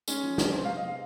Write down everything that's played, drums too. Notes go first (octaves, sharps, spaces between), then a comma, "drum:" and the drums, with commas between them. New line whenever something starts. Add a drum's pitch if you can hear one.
G#3 C#4, drum: tambourine
F3
F3, drum: snare
C3 C5
C3 F5
D#5
G#3 F5